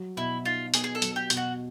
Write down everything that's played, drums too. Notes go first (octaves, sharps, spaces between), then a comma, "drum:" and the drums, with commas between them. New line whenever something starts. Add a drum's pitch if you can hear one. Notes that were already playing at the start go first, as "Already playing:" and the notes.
Already playing: F#3
B2 E4
D#4 F4
B3 G#4, drum: hi-hat
G#4
A4
F#3, drum: hi-hat
G4
B2, drum: hi-hat
F#4